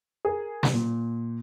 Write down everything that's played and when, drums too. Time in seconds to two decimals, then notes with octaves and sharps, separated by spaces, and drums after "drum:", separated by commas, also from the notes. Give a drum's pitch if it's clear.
0.25 G#4 A#4
0.63 drum: snare
0.74 A#2